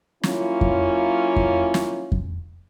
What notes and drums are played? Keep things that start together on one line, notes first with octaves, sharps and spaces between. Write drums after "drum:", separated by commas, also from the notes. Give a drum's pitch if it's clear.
F#3 A#3 C#4 E4 F4, drum: snare
drum: kick F2
drum: kick F2
drum: snare
drum: kick F2